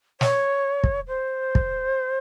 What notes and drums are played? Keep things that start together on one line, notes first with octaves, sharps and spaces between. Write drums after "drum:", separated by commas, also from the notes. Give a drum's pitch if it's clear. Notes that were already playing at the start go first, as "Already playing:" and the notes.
C#5, drum: snare
drum: kick
C5
drum: kick